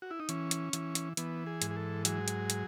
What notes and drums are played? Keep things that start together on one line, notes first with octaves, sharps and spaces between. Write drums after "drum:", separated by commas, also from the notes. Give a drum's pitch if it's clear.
F#4
E4
D#4
E3 C#4, drum: hi-hat
drum: hi-hat
E3, drum: hi-hat
drum: hi-hat
E3 B3, drum: hi-hat
G#4
G#2, drum: hi-hat
G#4
A4
F#3 G#4, drum: hi-hat
drum: hi-hat
drum: hi-hat